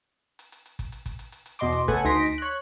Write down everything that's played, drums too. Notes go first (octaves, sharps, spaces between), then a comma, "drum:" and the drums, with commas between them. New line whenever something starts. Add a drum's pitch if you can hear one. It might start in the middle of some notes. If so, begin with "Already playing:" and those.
drum: hi-hat
drum: hi-hat
drum: hi-hat
drum: kick, hi-hat
drum: hi-hat
drum: kick, hi-hat
drum: hi-hat
drum: hi-hat
drum: hi-hat
E2 B2 D#5 C6 D6, drum: hi-hat
drum: hi-hat
C#3 A3 A4 B4 F#5 G#5, drum: kick, hi-hat
D2 D#4 C6 A#6 B6 D7
drum: hi-hat
C#5 F#6